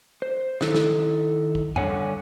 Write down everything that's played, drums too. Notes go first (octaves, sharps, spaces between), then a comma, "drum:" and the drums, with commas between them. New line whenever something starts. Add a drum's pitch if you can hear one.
C5
D#3 E4 A4, drum: snare
drum: snare
drum: kick
G2 D3 C#5 F#5 G#5, drum: tom F2